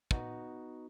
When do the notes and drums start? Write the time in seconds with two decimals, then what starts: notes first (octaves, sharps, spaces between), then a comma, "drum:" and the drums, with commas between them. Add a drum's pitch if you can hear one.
0.11 B3 D#4 F#4, drum: kick